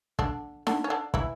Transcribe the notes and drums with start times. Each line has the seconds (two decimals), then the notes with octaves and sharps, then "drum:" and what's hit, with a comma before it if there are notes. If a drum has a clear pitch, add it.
0.19 D3 D4, drum: kick
0.67 D3 D4, drum: snare D#4
0.84 C#4
0.90 D3 D4
1.14 E3 E4, drum: kick